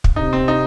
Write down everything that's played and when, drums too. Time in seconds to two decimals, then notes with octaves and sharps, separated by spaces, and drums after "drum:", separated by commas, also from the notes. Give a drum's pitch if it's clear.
0.04 drum: kick
0.16 C3 D#4
0.33 C4
0.48 D#4